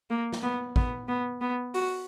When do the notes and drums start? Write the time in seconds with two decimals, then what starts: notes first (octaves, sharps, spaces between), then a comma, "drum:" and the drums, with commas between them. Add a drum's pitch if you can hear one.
0.10 A#3
0.32 drum: snare
0.42 B3
0.76 B3, drum: kick
1.08 B3
1.41 B3
1.74 F#4, drum: open hi-hat